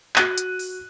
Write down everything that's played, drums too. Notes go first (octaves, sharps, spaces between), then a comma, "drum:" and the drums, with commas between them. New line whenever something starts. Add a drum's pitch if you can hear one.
F#4 F#6 D#7, drum: clap
drum: hi-hat
drum: open hi-hat